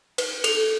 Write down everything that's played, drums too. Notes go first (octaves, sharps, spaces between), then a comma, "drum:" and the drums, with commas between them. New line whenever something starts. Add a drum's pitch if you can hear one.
B4, drum: cymbal
A4, drum: cymbal